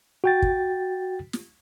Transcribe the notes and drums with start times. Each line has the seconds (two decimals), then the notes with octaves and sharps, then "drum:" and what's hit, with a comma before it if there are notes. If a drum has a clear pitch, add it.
0.24 F#4 G5 A6
0.42 drum: kick
1.33 drum: snare